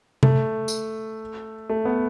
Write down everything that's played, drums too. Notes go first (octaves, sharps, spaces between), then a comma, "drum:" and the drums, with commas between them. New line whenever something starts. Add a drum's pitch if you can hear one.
A3, drum: tom C3
drum: tambourine
A3
B3